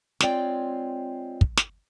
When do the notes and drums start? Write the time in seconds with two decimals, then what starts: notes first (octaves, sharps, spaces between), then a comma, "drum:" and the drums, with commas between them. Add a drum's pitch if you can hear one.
0.20 G#3 C4 F4 C#5 D5 G5, drum: snare
1.41 drum: kick
1.57 drum: snare